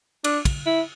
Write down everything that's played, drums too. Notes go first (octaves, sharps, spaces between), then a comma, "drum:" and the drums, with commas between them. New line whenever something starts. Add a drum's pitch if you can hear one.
D4, drum: cymbal
drum: kick, cymbal
E4